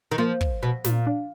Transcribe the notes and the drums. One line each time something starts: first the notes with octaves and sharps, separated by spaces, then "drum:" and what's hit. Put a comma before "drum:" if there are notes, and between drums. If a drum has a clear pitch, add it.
D#3
F3 A#3
drum: kick
B2
A#2, drum: snare
D4